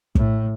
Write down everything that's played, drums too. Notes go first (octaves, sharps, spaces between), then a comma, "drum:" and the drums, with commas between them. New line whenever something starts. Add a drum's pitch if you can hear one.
A2, drum: kick